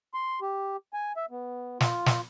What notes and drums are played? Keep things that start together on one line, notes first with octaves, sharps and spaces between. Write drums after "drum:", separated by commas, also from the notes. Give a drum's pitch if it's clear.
C6
G4
G#5
E5
B3
F4, drum: snare
drum: snare